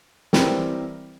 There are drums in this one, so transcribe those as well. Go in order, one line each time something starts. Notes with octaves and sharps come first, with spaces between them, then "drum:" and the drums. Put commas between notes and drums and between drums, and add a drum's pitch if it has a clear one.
E3 G3 C4 G4 A#4, drum: snare